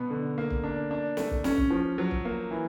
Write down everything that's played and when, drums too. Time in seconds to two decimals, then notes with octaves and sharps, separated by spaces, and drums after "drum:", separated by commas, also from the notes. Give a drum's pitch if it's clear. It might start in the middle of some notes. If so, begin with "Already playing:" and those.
Already playing: B2 B3
0.10 D3
0.38 A#3
0.50 drum: kick
0.64 D4
0.91 D4
1.17 A3, drum: snare
1.31 drum: kick
1.44 C#4, drum: snare
1.58 drum: kick
1.70 F3
1.98 F#3
2.11 drum: kick
2.25 A#3
2.51 E3